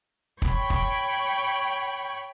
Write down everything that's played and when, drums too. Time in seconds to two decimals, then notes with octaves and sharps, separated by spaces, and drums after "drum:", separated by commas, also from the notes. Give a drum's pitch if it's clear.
0.42 C#5 G5 B5 C#6, drum: kick
0.70 drum: kick